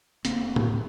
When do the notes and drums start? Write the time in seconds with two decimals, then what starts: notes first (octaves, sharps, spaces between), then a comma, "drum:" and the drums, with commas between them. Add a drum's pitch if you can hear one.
0.25 D2 A#3 C4, drum: hi-hat
0.56 drum: tom A2